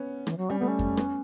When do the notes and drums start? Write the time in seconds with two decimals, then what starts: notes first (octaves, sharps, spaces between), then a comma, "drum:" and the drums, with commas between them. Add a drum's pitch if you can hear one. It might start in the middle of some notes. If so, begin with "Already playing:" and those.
Already playing: B3 C#4
0.27 E3, drum: rim click
0.38 F#3
0.50 G3 C#4
0.59 A3 B3
0.68 C#4
0.79 drum: kick F2
0.97 B3, drum: rim click